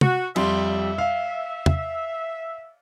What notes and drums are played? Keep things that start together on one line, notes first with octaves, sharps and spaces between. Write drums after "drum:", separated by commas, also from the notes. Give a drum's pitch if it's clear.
F#4, drum: tom
F2 G3 E5 C6, drum: cymbal
F5
drum: tom